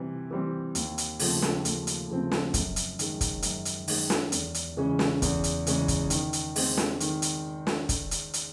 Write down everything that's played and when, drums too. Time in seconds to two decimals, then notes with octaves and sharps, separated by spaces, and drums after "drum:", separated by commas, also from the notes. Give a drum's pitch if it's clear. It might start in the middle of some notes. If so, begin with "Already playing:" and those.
Already playing: C3 E3 G3 C4
0.31 E3 G3 C4
0.75 D#2, drum: hi-hat
0.98 drum: hi-hat
1.19 C#3 F3 A3 C4, drum: open hi-hat
1.42 drum: snare
1.65 D#2, drum: hi-hat
1.87 drum: hi-hat
2.10 C#3 F3 A3 C4
2.32 drum: snare
2.54 F#2, drum: kick, hi-hat
2.76 drum: hi-hat
2.99 D#3 G#3, drum: hi-hat
3.21 drum: kick, hi-hat
3.42 F#2, drum: hi-hat
3.65 drum: hi-hat
3.88 D#3 G#3, drum: open hi-hat
4.10 drum: snare
4.32 E2, drum: hi-hat
4.54 drum: hi-hat
4.77 C#3 E3 G#3 C#4
4.99 drum: snare
5.22 E2, drum: kick, hi-hat
5.44 drum: hi-hat
5.67 C#3 E3 G#3 C#4, drum: hi-hat
5.88 drum: kick, hi-hat
6.10 D#3, drum: hi-hat
6.33 drum: hi-hat
6.56 G#3 C4, drum: open hi-hat
6.77 drum: snare
7.00 D#3, drum: hi-hat
7.22 drum: hi-hat
7.67 drum: snare
7.89 drum: kick, hi-hat
8.11 drum: hi-hat
8.34 drum: hi-hat